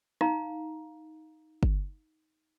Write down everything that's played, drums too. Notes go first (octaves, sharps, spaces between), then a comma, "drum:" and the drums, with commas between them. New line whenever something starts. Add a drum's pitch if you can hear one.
D#4 F5 A#5, drum: rim click
drum: kick G1